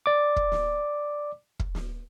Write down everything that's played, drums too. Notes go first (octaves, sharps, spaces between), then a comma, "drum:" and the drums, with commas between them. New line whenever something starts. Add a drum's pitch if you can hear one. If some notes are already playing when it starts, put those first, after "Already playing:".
D5 D6
drum: kick
drum: snare
drum: kick
drum: snare